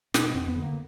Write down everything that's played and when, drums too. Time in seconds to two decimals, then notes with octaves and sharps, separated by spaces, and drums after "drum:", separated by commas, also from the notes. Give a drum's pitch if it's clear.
0.14 B2, drum: snare
0.34 F2 C4
0.48 B3
0.56 D3
0.62 A#3